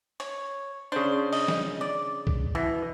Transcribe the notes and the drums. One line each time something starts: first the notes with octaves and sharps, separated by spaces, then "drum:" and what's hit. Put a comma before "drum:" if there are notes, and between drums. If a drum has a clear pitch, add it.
C#5, drum: hi-hat
C#3 D4 C5
D#5, drum: open hi-hat
drum: snare
D5
drum: kick
B2 E3